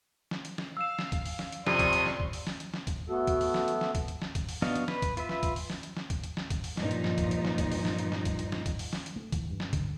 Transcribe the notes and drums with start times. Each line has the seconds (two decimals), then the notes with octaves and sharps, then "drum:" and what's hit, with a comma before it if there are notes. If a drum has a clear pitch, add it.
0.31 drum: snare
0.45 drum: hi-hat
0.58 drum: snare
0.77 F5 E6 E7
0.99 drum: snare
1.12 drum: kick, hi-hat
1.26 drum: open hi-hat
1.39 drum: snare
1.52 drum: hi-hat
1.67 F2 C3 D5 C6 C#6 D#6, drum: snare
1.79 drum: kick, hi-hat
1.93 drum: hi-hat
2.06 drum: snare
2.20 drum: kick
2.33 drum: open hi-hat
2.47 drum: snare
2.60 drum: hi-hat
2.74 drum: snare
2.87 drum: kick, hi-hat
3.09 A3 B3 F#4 A4
3.27 drum: kick, hi-hat
3.41 drum: open hi-hat
3.54 drum: snare
3.68 drum: hi-hat
3.81 drum: snare
3.95 drum: kick, hi-hat
4.08 drum: hi-hat
4.22 drum: snare
4.35 drum: kick, hi-hat
4.49 drum: open hi-hat
4.62 B3 D4 F#4 D#5 F5, drum: snare
4.75 drum: hi-hat
4.88 B4, drum: snare
5.02 drum: kick, hi-hat
5.17 F4 B4 E5, drum: hi-hat
5.29 drum: snare
5.43 drum: kick, hi-hat
5.56 drum: open hi-hat
5.70 drum: snare
5.83 drum: hi-hat
5.97 drum: snare
6.10 drum: kick, hi-hat
6.24 drum: hi-hat
6.37 drum: snare
6.50 drum: kick, hi-hat
6.64 drum: open hi-hat
6.77 G2 A#2 F3 G3 D#4, drum: snare
6.91 drum: hi-hat
7.04 drum: snare
7.18 drum: kick, hi-hat
7.31 drum: hi-hat
7.45 drum: snare
7.58 drum: kick, hi-hat
7.72 drum: open hi-hat
7.85 drum: snare
7.98 drum: hi-hat
8.12 drum: snare
8.25 drum: kick, hi-hat
8.39 drum: hi-hat
8.52 drum: snare
8.66 drum: kick, hi-hat
8.79 drum: open hi-hat
8.93 drum: snare
9.06 drum: hi-hat
9.16 A3
9.32 E3, drum: kick, hi-hat
9.50 G2
9.60 drum: snare
9.73 D3, drum: kick, hi-hat